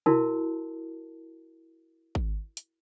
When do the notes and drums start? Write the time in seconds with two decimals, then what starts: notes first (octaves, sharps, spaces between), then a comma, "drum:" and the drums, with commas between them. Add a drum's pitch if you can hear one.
0.06 E4 F#4 A#4 A5, drum: tom
2.15 drum: kick G#1
2.57 drum: hi-hat